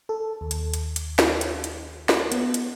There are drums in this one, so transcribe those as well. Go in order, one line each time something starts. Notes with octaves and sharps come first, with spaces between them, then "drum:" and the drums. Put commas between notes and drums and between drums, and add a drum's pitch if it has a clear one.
A4
D#2
drum: hi-hat
drum: hi-hat
drum: hi-hat
drum: snare
drum: hi-hat
drum: hi-hat
drum: snare
B3, drum: hi-hat
drum: hi-hat